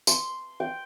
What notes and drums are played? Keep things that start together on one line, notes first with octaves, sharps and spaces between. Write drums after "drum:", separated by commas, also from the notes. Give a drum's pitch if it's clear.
C6, drum: tambourine
G5